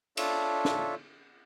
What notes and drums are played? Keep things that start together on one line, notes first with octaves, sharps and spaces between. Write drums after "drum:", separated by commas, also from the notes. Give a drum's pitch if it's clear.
D4 F4 A4 C#5 E5, drum: cymbal
drum: snare